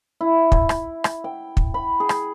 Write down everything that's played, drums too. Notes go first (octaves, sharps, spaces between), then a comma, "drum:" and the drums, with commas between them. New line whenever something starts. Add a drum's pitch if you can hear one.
E4
drum: kick
drum: rim click
drum: rim click
G5
drum: kick
B5
G#4
drum: rim click